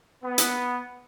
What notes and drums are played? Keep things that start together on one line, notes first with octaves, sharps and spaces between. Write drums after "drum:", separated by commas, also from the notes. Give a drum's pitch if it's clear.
B3
drum: hi-hat